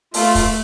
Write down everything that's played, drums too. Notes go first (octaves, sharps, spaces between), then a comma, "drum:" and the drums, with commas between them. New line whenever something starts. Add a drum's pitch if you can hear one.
A3 F4, drum: open hi-hat
drum: kick, open hi-hat